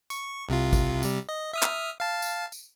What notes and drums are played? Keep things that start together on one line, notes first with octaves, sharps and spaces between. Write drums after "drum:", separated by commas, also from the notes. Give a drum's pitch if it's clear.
C#6, drum: tambourine
C2 C3 F4
drum: kick G#1, tambourine
C3 G3, drum: tambourine
D#5
E5 D#6 F6
drum: clap
F5 A5
drum: tambourine
drum: tambourine